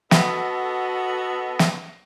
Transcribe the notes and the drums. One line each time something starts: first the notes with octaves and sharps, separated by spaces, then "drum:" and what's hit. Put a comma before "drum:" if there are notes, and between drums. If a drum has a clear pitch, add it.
B3 F#4 A4 D#5, drum: snare
drum: snare